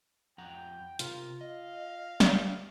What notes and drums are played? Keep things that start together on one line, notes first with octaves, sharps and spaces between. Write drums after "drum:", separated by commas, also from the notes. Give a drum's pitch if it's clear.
F2 F#5 G5 A#5
C3 F4 A#4, drum: hi-hat
D#5 F5
drum: snare